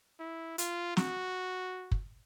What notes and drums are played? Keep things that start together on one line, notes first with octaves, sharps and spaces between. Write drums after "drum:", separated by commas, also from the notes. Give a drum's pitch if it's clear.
E4
F4, drum: hi-hat
F#4, drum: snare
drum: kick